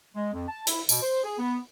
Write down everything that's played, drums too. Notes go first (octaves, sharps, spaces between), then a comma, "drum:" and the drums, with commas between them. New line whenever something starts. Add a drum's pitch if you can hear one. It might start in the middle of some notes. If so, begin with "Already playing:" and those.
G#3
F2
A5
E4, drum: hi-hat
B2, drum: tambourine
C5
G#4
B3